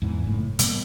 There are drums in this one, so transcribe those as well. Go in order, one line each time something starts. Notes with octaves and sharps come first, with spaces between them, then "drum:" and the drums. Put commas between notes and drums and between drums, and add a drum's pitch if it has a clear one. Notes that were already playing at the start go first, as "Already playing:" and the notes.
E2 G#2 E3
F#1 A2
B2 G3 A#3, drum: hi-hat